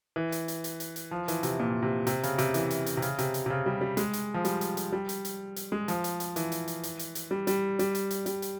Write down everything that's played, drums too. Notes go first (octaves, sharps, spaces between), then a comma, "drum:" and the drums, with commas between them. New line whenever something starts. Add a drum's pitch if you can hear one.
E3
drum: hi-hat
drum: hi-hat
drum: hi-hat
drum: hi-hat
drum: hi-hat
F3
E3, drum: hi-hat
C3, drum: hi-hat
A#2
C3
C3, drum: hi-hat
C#3, drum: hi-hat
C3, drum: hi-hat
E3, drum: hi-hat
drum: hi-hat
drum: hi-hat
C3
C#3, drum: hi-hat
C3, drum: hi-hat
drum: hi-hat
C3
C#3
G3
G3
G#3, drum: hi-hat
drum: hi-hat
F3
G3, drum: hi-hat
drum: hi-hat
drum: hi-hat
G3
drum: hi-hat
drum: hi-hat
drum: hi-hat
G#3
F3, drum: hi-hat
drum: hi-hat
drum: hi-hat
E3, drum: hi-hat
drum: hi-hat
drum: hi-hat
drum: hi-hat
drum: hi-hat
drum: hi-hat
G3
G3, drum: hi-hat
G3, drum: hi-hat
drum: hi-hat
drum: hi-hat
G3, drum: hi-hat
drum: hi-hat